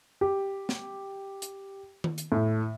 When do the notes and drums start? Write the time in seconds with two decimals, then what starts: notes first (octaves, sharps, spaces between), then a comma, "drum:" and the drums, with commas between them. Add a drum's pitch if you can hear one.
0.21 G4
0.69 drum: snare
1.42 drum: hi-hat
2.04 drum: tom D#3
2.18 drum: hi-hat
2.32 A2